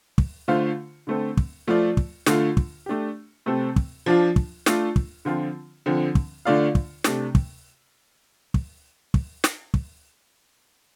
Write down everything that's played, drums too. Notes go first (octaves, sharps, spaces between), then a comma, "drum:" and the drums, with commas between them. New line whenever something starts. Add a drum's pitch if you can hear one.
drum: kick
D3 A3 F4 C5 F5
D3 A3 C4 A4
drum: kick
F3 A3 F4 D5
drum: kick
D3 A3 F4, drum: snare
drum: kick
A3 D4 G4
C3 A3 C4 A4
drum: kick
F3 D4 F4
drum: kick
A3 D4 F4 A4, drum: snare
drum: kick
D3 F3 C4 F4
D3 F3 C4
drum: kick
D3 A3 F4 D5 F5
drum: kick
C3 A3 D4, drum: snare
drum: kick
drum: kick
drum: kick
drum: snare
drum: kick